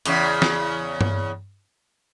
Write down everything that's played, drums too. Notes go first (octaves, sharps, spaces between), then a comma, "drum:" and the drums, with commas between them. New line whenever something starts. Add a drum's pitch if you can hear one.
E2 C#3, drum: hi-hat
drum: snare
drum: tom G2